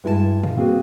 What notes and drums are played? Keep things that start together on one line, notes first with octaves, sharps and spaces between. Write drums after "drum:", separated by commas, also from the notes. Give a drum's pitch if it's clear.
G2 G#3 E4 A4 A5
F5, drum: tom A#2
A#3 C4 F#4 G#4 B4